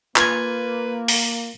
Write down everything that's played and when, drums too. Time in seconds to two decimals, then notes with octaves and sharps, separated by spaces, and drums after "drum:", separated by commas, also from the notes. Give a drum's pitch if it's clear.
0.16 A#3 F4 B4 G#5, drum: clap
1.08 drum: open hi-hat